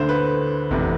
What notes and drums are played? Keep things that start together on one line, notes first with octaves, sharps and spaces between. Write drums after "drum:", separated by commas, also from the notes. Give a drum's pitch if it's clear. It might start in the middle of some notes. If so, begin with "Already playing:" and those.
Already playing: D2 D3 C5
B4
F1 E2 C3 E3, drum: kick G#1